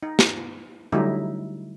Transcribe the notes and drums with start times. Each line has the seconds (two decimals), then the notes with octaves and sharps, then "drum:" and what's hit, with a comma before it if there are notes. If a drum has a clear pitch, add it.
0.03 D#4
0.19 drum: snare
0.92 D3 F#3 G3 A3 D#4 E4